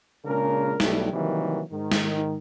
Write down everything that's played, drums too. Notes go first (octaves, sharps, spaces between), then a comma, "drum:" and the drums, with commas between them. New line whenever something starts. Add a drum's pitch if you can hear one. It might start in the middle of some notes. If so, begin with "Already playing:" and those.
A#2 C#3 G#3 D4 A#4
B1 G3 A3, drum: snare
C3 D#3 E3 F#3 G3 A#3
G#2 D#3
drum: snare